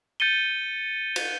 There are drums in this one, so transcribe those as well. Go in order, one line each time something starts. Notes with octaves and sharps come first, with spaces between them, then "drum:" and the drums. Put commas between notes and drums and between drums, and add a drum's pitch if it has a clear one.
G6 A6 C#7 D#7 G7
drum: cymbal